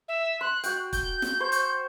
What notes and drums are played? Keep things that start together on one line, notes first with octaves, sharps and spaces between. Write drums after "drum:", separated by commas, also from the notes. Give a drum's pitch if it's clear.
E5
C6 F#6
F#4 G5, drum: hi-hat
G6, drum: kick, hi-hat
drum: snare
C5 C#6
drum: hi-hat